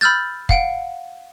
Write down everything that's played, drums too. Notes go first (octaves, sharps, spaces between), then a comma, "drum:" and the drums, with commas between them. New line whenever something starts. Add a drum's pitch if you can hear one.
B5 E6 F6 G6 A6
F5 F#5 D7, drum: kick